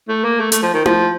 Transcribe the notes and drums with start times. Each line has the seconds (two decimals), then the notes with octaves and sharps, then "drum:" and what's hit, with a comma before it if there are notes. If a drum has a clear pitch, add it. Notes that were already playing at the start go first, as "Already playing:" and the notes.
0.09 A3
0.24 A#3
0.40 A3
0.52 A3, drum: hi-hat
0.63 F3
0.74 D#3
0.86 F3, drum: tom E4